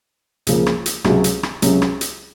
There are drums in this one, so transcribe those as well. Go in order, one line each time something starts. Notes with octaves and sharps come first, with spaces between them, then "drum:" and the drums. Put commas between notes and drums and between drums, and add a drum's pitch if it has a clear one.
C#2 C#3 F3 A#3, drum: hi-hat
drum: rim click
drum: hi-hat
C#2 C3 F#3 C#4 F#4, drum: rim click
drum: hi-hat
drum: rim click
C#2 C3 F#3 C#4 F#4, drum: hi-hat
drum: rim click
drum: hi-hat